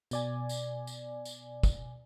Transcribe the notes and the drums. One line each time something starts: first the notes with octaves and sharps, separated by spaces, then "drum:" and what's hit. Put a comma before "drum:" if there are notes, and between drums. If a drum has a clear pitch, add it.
B2 D5 G#5, drum: tambourine
drum: tambourine
drum: tambourine
drum: tambourine
drum: kick, tambourine